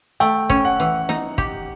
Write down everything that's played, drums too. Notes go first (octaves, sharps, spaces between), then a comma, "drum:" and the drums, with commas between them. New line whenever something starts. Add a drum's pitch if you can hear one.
A3 G5
C#4, drum: kick
F#5
E3
D#4, drum: snare
G4, drum: kick